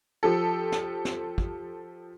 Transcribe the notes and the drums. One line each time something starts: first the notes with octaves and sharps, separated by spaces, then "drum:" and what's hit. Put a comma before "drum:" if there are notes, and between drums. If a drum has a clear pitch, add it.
F3 G4 A4
drum: snare
drum: snare
drum: kick